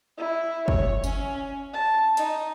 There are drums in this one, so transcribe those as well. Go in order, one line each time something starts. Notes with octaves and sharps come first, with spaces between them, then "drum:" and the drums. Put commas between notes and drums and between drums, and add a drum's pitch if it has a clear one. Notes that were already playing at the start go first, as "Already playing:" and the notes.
E4
C#5, drum: kick
C#4, drum: tambourine
A5
D#4, drum: hi-hat